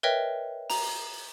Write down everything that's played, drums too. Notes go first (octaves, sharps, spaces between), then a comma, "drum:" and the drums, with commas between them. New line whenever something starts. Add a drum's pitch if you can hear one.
A#4 B4 C#5 D#5 E5 G5
A#5, drum: open hi-hat